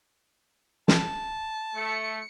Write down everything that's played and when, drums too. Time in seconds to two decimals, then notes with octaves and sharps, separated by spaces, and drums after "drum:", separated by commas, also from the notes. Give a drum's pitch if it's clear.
0.88 A5, drum: snare
1.75 A3 C#7